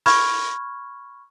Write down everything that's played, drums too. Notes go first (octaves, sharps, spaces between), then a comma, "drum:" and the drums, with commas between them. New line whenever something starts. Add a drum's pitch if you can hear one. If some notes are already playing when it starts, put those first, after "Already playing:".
B5 C#6 F6 G#6, drum: open hi-hat